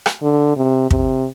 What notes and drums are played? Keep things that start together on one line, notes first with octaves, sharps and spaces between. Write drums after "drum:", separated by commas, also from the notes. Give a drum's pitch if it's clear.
drum: rim click
D3
C3
C3, drum: kick